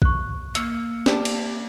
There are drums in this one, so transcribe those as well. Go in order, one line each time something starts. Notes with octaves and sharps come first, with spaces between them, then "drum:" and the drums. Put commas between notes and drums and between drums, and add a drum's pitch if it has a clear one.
C#6 F#6, drum: kick A#1
A#3 E6 F6 C#7, drum: hi-hat
G4 D5 A5, drum: snare
drum: cymbal